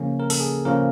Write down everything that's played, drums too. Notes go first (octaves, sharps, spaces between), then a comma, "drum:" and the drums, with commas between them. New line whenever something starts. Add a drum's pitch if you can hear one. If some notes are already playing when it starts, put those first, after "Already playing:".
Already playing: C#3 F3 A#3 C#4
A#4
A4, drum: open hi-hat
G#4
C#3 F3 A#3 C#4 A#4